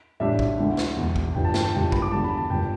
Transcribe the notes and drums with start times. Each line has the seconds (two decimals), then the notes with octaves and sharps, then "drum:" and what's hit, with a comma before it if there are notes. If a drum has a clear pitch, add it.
0.20 A1 A2 G3 D4 E5
0.39 drum: kick A1
0.58 D2 D3 A3 E4
0.77 drum: snare
0.96 E1 E2 B2
1.16 drum: kick A1
1.35 G1 G2 E3 G3 G5
1.44 A5
1.54 G5, drum: snare
1.63 A5
1.73 G1 G2 G3 E4 G5
1.83 A5
1.92 B5, drum: kick A1
2.02 D6
2.11 E2 D3 G3 A5
2.24 B5
2.37 A5
2.50 G1 G3 G5